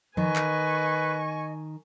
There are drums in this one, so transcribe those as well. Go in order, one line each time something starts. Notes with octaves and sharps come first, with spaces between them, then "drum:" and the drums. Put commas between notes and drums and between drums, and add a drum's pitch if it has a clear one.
D#3 B4 D#5 G#5 C#6, drum: tom E3
drum: clap